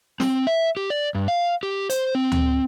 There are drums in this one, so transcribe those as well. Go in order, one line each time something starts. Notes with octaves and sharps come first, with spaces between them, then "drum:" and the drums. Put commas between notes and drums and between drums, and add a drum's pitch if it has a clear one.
C4, drum: snare
E5
G4
D5
G2
F5
G4
C5, drum: hi-hat
C4
drum: tom D2